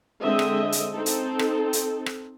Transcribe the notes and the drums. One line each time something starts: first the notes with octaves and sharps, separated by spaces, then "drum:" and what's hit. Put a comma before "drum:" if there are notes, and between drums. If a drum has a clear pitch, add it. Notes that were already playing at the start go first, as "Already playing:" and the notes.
D3 G#3 C4 D#5 E5
drum: rim click
drum: hi-hat
C4 D#4 A4
drum: hi-hat
drum: rim click
drum: hi-hat
drum: rim click